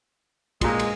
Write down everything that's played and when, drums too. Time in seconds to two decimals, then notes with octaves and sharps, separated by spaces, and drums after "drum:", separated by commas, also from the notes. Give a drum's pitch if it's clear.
0.61 A#2 G#3 F4, drum: kick, cymbal
0.79 drum: cymbal